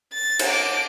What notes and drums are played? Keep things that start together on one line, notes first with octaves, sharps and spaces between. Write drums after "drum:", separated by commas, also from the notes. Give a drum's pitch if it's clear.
A6
drum: cymbal
D6